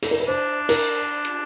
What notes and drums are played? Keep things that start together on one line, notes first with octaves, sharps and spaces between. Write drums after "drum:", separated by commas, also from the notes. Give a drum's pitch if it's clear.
A4, drum: cymbal
A#4
B4
D4 C5
A#4, drum: cymbal
drum: cymbal